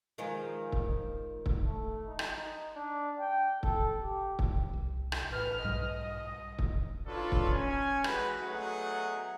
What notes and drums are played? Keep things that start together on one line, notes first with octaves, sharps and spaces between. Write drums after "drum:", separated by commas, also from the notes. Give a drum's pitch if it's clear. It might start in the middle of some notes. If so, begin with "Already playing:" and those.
D#3 F3 G#3
drum: kick
drum: kick
A3
D#4
drum: rim click
D#4
D4
G5
A4, drum: kick
G4
drum: kick
C2
drum: rim click
A1 B4 F6
B1 G#2 G3 D#5
drum: kick
D4 D#4 F4 A4 B4 C#5
drum: kick
C#4 G#5
E3 G#3 F#4 B4, drum: rim click
F#3 A3 B3 D#4 G#4 F#5